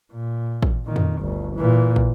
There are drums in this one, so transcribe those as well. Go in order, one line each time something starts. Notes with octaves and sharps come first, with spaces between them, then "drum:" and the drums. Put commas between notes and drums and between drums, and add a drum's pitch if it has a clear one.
A#2
drum: kick
A#2 D#3
drum: tom F2
G1 D2
A#2 E3
drum: kick